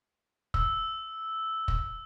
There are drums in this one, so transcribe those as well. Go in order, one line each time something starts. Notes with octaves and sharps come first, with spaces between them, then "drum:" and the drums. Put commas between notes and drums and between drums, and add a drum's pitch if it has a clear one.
E6, drum: kick
drum: kick